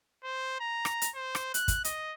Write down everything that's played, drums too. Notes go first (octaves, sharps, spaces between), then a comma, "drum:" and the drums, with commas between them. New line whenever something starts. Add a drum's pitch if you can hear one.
C5
A#5
drum: rim click
drum: hi-hat
C5
drum: rim click
F#6, drum: hi-hat
drum: kick, hi-hat
D#5, drum: hi-hat